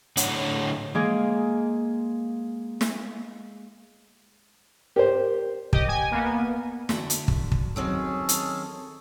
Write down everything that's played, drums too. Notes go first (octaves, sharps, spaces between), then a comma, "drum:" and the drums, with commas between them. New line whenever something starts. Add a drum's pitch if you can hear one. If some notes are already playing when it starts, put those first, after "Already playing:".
A2 D3 C#5 F#5, drum: hi-hat
G#3 A#3 G#4
drum: snare
G4 A#4 C5
G4 D#5, drum: kick
G#5
A#3 B3
D3 F#4 E5, drum: snare
drum: hi-hat
drum: kick
drum: kick
D#3 F#3 C4 C#4 G#4 A4
drum: hi-hat